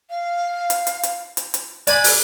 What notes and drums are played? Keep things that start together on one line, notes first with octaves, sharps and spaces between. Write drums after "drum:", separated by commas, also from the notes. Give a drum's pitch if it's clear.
F5
drum: hi-hat
drum: hi-hat
drum: hi-hat
drum: hi-hat
drum: hi-hat
D5 G#5 B5 F#6, drum: hi-hat
drum: open hi-hat